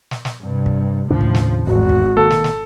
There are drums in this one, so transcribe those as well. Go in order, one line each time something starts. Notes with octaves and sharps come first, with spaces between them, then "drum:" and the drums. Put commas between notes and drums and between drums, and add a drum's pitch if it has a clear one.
drum: snare
drum: snare
G2 C3
drum: kick
D#2 A2 C#3 F3 D4
drum: kick
drum: snare
G#1 E2 F#4
drum: kick
D#3 A#3 A4
drum: snare
drum: snare